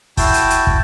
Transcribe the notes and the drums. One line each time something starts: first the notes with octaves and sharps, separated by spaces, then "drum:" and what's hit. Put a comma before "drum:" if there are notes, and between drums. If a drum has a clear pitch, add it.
E4 F#4 G5 A5, drum: kick, open hi-hat
drum: hi-hat
drum: hi-hat
drum: kick